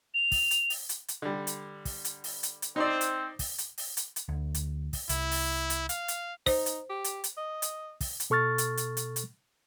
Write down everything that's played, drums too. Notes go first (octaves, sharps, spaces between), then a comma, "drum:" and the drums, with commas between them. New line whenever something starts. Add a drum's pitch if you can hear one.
F7
drum: kick, open hi-hat
drum: hi-hat
drum: open hi-hat
drum: hi-hat
drum: hi-hat
D3 G3
drum: hi-hat
drum: kick, open hi-hat
drum: hi-hat
drum: open hi-hat
drum: hi-hat
drum: hi-hat
C4 D#4 C5 D5
drum: hi-hat
drum: kick, open hi-hat
drum: hi-hat
drum: open hi-hat
drum: hi-hat
drum: hi-hat
D2
drum: hi-hat
drum: kick, open hi-hat
C2 E4, drum: hi-hat
drum: open hi-hat
drum: hi-hat
F5, drum: hi-hat
drum: hi-hat
D#4 C5, drum: kick, open hi-hat
drum: hi-hat
G4
drum: hi-hat
drum: hi-hat
D#5
drum: hi-hat
drum: kick, open hi-hat
drum: hi-hat
B2 A4 C#6 F6 A6
drum: hi-hat
drum: hi-hat
drum: hi-hat
drum: hi-hat